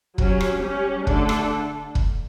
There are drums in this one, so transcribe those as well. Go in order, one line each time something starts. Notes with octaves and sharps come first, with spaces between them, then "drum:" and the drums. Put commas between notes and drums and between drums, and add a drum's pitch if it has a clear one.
F#3 C#4 G4, drum: kick
drum: rim click
G3 C#4
D3 A3 D4 A4, drum: kick
drum: rim click
drum: kick